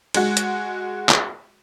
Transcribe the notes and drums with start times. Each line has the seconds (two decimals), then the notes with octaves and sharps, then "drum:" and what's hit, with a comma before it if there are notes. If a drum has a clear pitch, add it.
0.14 G#3 F#4, drum: cymbal
0.37 drum: hi-hat
1.09 drum: clap